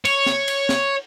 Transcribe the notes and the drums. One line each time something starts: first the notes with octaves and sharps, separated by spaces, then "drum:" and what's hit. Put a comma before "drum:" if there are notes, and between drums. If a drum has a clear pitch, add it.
C#5, drum: cymbal
drum: snare
drum: cymbal
drum: snare